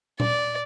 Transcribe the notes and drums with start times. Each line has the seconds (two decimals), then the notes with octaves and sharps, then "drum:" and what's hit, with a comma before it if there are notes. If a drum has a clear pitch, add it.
0.20 D5, drum: tom A#2